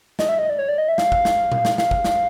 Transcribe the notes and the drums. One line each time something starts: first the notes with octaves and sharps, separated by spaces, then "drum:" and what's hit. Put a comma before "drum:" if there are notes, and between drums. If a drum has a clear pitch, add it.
D#5, drum: snare
E5
D#5
D5
C#5
D5
D#5
E5
F5, drum: snare
drum: kick G1
drum: snare
drum: tom A#2
drum: snare
F5, drum: snare
drum: kick G1
drum: snare